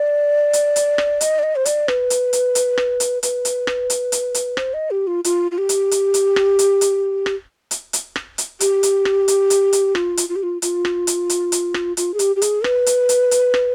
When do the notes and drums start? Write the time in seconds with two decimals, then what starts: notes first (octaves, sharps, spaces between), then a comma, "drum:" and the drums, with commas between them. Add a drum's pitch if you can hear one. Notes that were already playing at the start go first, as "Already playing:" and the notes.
Already playing: D5
0.53 drum: hi-hat
0.76 drum: hi-hat
0.98 drum: rim click
1.21 D#5, drum: hi-hat
1.39 D5
1.43 D#5
1.56 C5
1.65 D5, drum: hi-hat
1.88 B4, drum: rim click
2.10 drum: hi-hat
2.33 drum: hi-hat
2.55 drum: hi-hat
2.78 drum: rim click
3.00 drum: hi-hat
3.23 B4, drum: hi-hat
3.45 drum: hi-hat
3.67 drum: rim click
3.90 drum: hi-hat
4.12 drum: hi-hat
4.34 drum: hi-hat
4.57 C5, drum: rim click
4.74 D#5
4.91 G4
5.07 F4
5.24 F4, drum: hi-hat
5.51 F4
5.58 G4
5.69 drum: hi-hat
5.91 drum: hi-hat
6.14 drum: hi-hat
6.36 drum: rim click
6.59 drum: hi-hat
6.81 drum: hi-hat
7.26 drum: rim click
7.71 drum: hi-hat
7.93 drum: hi-hat
8.16 drum: rim click
8.38 drum: hi-hat
8.60 G4, drum: hi-hat
8.83 drum: hi-hat
9.05 drum: rim click
9.28 drum: hi-hat
9.50 drum: hi-hat
9.73 drum: hi-hat
9.95 F4, drum: rim click
10.17 drum: hi-hat
10.29 F4
10.36 G4
10.43 F4
10.62 F4, drum: hi-hat
10.85 drum: rim click
11.07 drum: hi-hat
11.30 drum: hi-hat
11.52 drum: hi-hat
11.74 drum: rim click
11.97 F4, drum: hi-hat
12.14 G#4
12.19 G4, drum: hi-hat
12.36 G4
12.42 G#4, drum: hi-hat
12.64 B4, drum: rim click
12.86 drum: hi-hat
13.09 drum: hi-hat
13.31 drum: hi-hat
13.54 drum: rim click